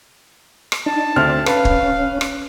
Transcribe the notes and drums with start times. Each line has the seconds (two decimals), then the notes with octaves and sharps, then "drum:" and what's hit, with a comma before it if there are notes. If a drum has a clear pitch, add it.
0.72 drum: rim click
0.86 D4 D#4 A5
1.16 D2 C4 D5 F6
1.46 C#4 B4 F5, drum: rim click
1.65 drum: kick
2.21 drum: rim click